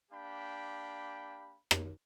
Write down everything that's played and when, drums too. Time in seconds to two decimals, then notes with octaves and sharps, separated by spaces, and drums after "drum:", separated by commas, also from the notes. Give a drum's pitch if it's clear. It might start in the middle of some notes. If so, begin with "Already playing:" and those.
0.12 A#3 D4 G4 F5 G5 B5
1.71 drum: rim click